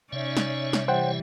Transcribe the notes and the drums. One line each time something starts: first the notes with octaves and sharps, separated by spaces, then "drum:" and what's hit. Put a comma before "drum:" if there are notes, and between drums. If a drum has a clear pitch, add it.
C3 C#4 D#4 C#5 D5 E5
drum: snare
drum: snare
E3 G3 C5 F#5 G5